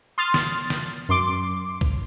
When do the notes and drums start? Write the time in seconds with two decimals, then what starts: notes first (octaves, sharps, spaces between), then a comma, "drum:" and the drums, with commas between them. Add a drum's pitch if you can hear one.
0.18 C6 D#6 F6 A6
0.34 drum: snare
0.70 drum: snare
1.09 F#2 C6 D6
1.81 drum: kick A#1